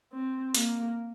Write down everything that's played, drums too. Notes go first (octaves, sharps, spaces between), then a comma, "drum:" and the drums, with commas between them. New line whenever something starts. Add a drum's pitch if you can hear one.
C4
A#3, drum: hi-hat